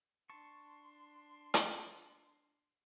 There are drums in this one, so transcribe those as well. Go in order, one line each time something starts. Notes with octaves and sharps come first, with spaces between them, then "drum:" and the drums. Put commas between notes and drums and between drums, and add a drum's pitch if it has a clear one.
D4 A5 C6 C#6
drum: hi-hat